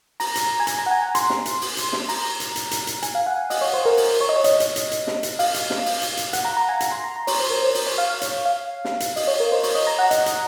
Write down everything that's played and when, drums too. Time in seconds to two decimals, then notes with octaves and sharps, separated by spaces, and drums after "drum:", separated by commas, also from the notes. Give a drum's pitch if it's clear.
0.20 A#5, drum: open hi-hat
0.35 drum: hi-hat
0.60 G#5
0.67 A#5, drum: hi-hat
0.78 A#5
0.86 F#5
0.91 G#5
1.02 G#5
1.15 C6, drum: hi-hat
1.30 drum: snare
1.46 drum: hi-hat
1.61 drum: open hi-hat
1.77 drum: hi-hat
1.93 drum: snare
2.09 A#5, drum: open hi-hat
2.40 drum: hi-hat
2.56 drum: hi-hat
2.71 drum: hi-hat
2.87 drum: hi-hat
3.02 G#5, drum: hi-hat
3.15 F5
3.26 F#5
3.50 D#5, drum: open hi-hat
3.61 C#5
3.74 C5
3.85 A#4
3.97 drum: open hi-hat
4.21 C#5
4.29 D#5
4.36 C#5
4.44 D#5, drum: hi-hat
4.60 drum: hi-hat
4.76 drum: hi-hat
4.92 drum: hi-hat
5.07 drum: snare
5.23 drum: hi-hat
5.39 F5, drum: open hi-hat
5.54 drum: hi-hat
5.70 drum: snare
5.86 drum: open hi-hat
6.02 drum: hi-hat
6.17 drum: hi-hat
6.33 F#5, drum: hi-hat
6.45 A#5
6.57 A#5
6.69 G#5
6.80 A#5, drum: hi-hat
6.92 C6
7.04 A#5
7.16 A#5
7.27 C#5, drum: open hi-hat
7.39 C5
7.51 A#4
7.63 C5
7.75 drum: open hi-hat
7.87 C#5
7.98 F5
8.10 F5
8.22 C#5, drum: hi-hat
8.45 F5
8.85 drum: snare
9.00 drum: hi-hat
9.16 D#5, drum: open hi-hat
9.27 C#5
9.40 A#4
9.52 C5
9.63 C#5, drum: open hi-hat
9.75 D#5
9.87 A#5
9.99 F#5
10.11 D#5, drum: hi-hat
10.26 drum: hi-hat